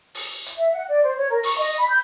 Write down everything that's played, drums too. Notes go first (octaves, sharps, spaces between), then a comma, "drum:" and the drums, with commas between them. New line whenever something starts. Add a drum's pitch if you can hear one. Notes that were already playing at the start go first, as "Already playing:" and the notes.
drum: open hi-hat
drum: hi-hat
E5
F#5
D5
C5
C#5
A#4
C#6, drum: open hi-hat
D#5
B5
G6